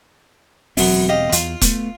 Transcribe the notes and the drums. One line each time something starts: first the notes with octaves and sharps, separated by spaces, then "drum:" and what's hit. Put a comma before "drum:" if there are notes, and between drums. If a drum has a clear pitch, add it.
E1 F#2 B3 C4, drum: open hi-hat
G4 D#5 F5
E2 F4, drum: hi-hat
A3 B3, drum: kick E1, hi-hat